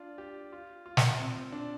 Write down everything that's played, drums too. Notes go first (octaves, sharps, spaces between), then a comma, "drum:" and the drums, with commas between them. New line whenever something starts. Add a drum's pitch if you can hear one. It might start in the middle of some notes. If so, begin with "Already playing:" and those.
Already playing: D4 F4
G4
F4
F4
drum: snare
C4
C4
D4